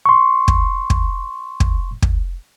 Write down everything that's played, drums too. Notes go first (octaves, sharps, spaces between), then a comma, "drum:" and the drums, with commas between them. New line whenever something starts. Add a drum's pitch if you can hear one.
C6 C#6
drum: kick
drum: kick
drum: kick
drum: kick